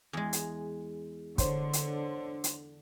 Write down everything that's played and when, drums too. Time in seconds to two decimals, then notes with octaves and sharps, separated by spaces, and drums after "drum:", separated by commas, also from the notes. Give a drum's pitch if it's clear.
0.13 E2 G#3
0.33 drum: hi-hat
1.38 D3 C5 C#5 C6, drum: kick, hi-hat
1.73 drum: hi-hat
2.44 drum: hi-hat